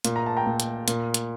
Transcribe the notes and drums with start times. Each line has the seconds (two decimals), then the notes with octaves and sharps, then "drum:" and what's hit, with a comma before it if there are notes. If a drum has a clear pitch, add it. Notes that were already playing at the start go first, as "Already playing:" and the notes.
0.04 A#2, drum: hi-hat
0.16 A#5
0.26 A5
0.37 G5 A#5
0.46 A#2
0.60 drum: hi-hat
0.88 A#2, drum: hi-hat
1.14 drum: hi-hat